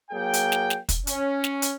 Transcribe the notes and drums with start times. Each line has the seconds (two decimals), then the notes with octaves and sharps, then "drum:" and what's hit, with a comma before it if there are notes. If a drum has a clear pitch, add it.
0.11 F#3 A#3 G#4 G5
0.33 drum: hi-hat
0.52 drum: snare
0.70 drum: snare
0.89 drum: kick, hi-hat
1.07 C#4, drum: hi-hat
1.44 drum: snare
1.62 drum: hi-hat